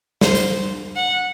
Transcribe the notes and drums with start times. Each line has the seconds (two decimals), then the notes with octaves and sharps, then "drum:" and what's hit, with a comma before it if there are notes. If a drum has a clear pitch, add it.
0.21 C5, drum: snare
0.35 drum: tambourine
0.96 F#5